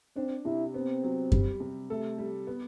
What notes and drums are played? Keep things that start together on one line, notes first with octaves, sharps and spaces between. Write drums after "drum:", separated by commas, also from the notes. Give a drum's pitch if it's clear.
C4 D4
C3 E4
B3 C4
F#3
G3, drum: kick F#2
C3
A3 A4
G3
B3